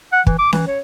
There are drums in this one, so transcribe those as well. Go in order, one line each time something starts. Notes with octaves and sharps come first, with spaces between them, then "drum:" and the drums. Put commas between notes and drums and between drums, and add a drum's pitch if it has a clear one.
F#5
E3, drum: kick
D6
E3, drum: snare C#4
C#5